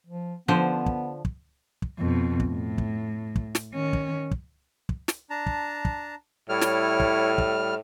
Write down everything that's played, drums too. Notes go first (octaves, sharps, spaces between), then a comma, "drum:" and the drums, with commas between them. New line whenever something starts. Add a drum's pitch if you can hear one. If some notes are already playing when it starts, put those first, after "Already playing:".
F3
D3 F3 B3 C5
drum: kick
drum: kick
drum: kick
F2 B2
drum: kick
A2
drum: kick
drum: kick
drum: snare
D#3 C#4
drum: kick
drum: kick
drum: kick
drum: snare
D4 A5 A#5
drum: kick
drum: kick
A2 G3 E4 C#5 F6
drum: snare
drum: kick
drum: kick